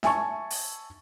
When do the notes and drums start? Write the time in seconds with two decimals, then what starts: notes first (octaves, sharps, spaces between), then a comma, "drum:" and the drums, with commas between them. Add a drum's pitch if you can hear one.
0.03 E5 G#5 A5 C#6, drum: snare D4
0.50 drum: open hi-hat